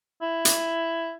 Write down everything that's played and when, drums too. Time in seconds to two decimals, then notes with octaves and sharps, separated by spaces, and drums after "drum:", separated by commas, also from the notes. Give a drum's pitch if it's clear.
0.22 E4
0.45 drum: hi-hat